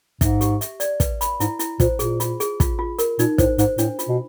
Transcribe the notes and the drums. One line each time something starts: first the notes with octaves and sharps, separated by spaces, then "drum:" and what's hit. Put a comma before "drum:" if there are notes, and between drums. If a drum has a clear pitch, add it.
G#2 E5, drum: kick, hi-hat
G4, drum: hi-hat
E5, drum: hi-hat
D5, drum: hi-hat
B4, drum: kick, hi-hat
B5, drum: hi-hat
G#2 E4, drum: hi-hat
E4, drum: hi-hat
A#2 C5, drum: kick, hi-hat
A#2 G#4, drum: hi-hat
F4, drum: hi-hat
G#4, drum: hi-hat
F4, drum: kick, hi-hat
F4
A#4, drum: hi-hat
A#2 D#4, drum: hi-hat
A2 C5, drum: kick, hi-hat
G#2 C5, drum: hi-hat
A2 D4, drum: hi-hat
F4, drum: hi-hat
B2